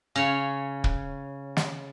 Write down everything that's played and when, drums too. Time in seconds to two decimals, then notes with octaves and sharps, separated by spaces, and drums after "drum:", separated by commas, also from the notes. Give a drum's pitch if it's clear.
0.15 C#3 C#5
0.84 drum: kick
1.57 drum: snare